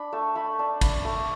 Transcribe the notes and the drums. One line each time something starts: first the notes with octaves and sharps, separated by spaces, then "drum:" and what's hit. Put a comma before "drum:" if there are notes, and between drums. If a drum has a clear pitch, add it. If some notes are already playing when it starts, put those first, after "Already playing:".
Already playing: D4 B5
A3 A5
A3 B5
D4 A5
D4 B5, drum: kick, cymbal
A3 C#6